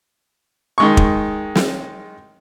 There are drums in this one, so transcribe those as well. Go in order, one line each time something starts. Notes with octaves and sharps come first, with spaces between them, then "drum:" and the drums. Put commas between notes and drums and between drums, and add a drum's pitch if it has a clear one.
D#3 G#3 C#6
drum: kick
drum: snare